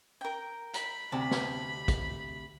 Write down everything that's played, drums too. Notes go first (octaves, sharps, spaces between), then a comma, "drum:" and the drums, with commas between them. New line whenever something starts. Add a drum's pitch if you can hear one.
A#4 G5
B5, drum: hi-hat
D2 C3 A5
drum: snare
drum: kick, hi-hat